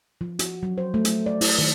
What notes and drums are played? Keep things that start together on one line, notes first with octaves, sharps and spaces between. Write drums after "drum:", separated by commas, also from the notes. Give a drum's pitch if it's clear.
F3
F#4, drum: hi-hat
F#3
C5
A3
drum: hi-hat
D5
E4, drum: open hi-hat
D#3